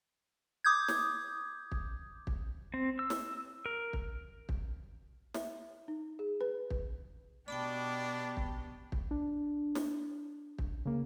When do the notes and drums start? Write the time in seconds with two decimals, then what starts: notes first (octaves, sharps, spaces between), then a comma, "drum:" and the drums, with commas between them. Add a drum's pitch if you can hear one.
0.64 D6 D#6 G6 G#6
0.88 drum: snare
1.72 drum: kick
2.27 drum: kick
2.74 C4
2.99 E6
3.10 drum: snare
3.66 A#4
3.93 drum: kick
4.49 drum: kick
5.34 E5, drum: snare
5.88 D#4
6.19 G#4
6.41 B4
6.70 drum: kick
7.48 B2 D4 G4 D5 G5 A5 B5
8.37 drum: kick
8.92 drum: kick
9.11 D4
9.75 drum: snare
10.58 drum: kick
10.85 C#3 A#3